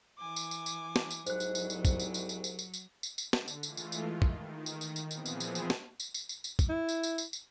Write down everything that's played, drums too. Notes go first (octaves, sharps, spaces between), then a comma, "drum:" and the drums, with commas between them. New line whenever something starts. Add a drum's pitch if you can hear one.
E3 G#5 D6
drum: tambourine
drum: tambourine
drum: tambourine
drum: snare
drum: tambourine
C2 G#2 F#3 C5 F#6, drum: tambourine
drum: tambourine
drum: tambourine
drum: tambourine
drum: kick, tambourine
drum: tambourine
drum: tambourine
drum: tambourine
drum: tambourine
drum: tambourine
drum: tambourine
drum: tambourine
drum: tambourine
D3, drum: snare
drum: tambourine
E3 G#3 A3 F4, drum: tambourine
drum: tambourine
drum: tambourine
D#3
drum: kick
drum: tambourine
drum: tambourine
drum: tambourine
A#2 E3 F3 B3 C4 G#4, drum: tambourine
drum: tambourine
drum: tambourine
drum: tambourine
drum: snare
drum: tambourine
drum: tambourine
drum: tambourine
drum: tambourine
drum: kick, tambourine
E4
drum: tambourine
drum: tambourine
drum: tambourine
drum: tambourine